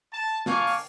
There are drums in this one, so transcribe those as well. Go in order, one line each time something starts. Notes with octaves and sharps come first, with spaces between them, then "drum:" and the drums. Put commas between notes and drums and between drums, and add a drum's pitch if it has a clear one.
A5
A#3 D4 D5 F5 G#5 C#6, drum: snare
drum: open hi-hat